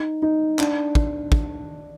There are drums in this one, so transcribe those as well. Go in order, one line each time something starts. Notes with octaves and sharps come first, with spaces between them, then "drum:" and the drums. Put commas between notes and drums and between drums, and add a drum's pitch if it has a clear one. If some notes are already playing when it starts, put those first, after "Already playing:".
Already playing: D#4
D#4
D4, drum: clap
drum: kick
drum: kick